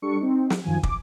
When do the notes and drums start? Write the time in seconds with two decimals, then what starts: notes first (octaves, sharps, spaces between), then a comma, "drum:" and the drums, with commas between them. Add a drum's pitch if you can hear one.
0.02 G3 D4 A4 C#6 C#7
0.20 C4 D#4
0.50 drum: snare
0.64 F#2 D#3 F3 G#5
0.83 D6, drum: kick